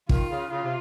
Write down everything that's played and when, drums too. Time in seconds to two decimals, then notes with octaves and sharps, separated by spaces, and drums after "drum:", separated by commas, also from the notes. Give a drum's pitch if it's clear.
0.09 D#3 F4, drum: kick
0.30 C#3
0.51 C#3 F4
0.63 C3